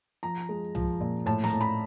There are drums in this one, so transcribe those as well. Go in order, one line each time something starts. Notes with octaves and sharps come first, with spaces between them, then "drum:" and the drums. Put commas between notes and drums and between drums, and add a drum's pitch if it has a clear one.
F3 A#5
G#3
F3, drum: tom C2
A#2
A2 A5
A#5, drum: snare
A2
B5